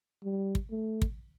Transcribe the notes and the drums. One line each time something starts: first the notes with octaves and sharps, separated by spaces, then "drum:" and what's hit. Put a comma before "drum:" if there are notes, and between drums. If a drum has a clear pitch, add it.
G3
drum: kick
A3
drum: kick